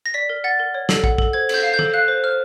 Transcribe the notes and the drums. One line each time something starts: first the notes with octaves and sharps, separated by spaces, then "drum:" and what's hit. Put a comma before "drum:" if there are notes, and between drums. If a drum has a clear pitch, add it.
A#6
D5 B6
A#4
F#5 A6
A#4
C#5
A4, drum: snare
F#5, drum: kick
A4, drum: kick
C5 G#6
A4 G6, drum: cymbal
F5
G6
A4, drum: tom
F5 F#6
C5
C5 F6